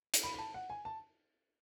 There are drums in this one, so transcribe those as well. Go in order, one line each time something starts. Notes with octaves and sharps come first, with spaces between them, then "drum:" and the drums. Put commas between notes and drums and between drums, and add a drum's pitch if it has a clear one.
drum: hi-hat
B5
B5
A5
F#5
G#5
A5